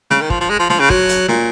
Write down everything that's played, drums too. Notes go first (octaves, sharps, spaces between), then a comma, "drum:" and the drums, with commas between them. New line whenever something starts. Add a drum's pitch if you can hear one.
C#3, drum: snare
D#3
F3, drum: kick
F3
G#3
F3
F3, drum: snare
C#3
F#3, drum: kick
drum: hi-hat
A#2, drum: snare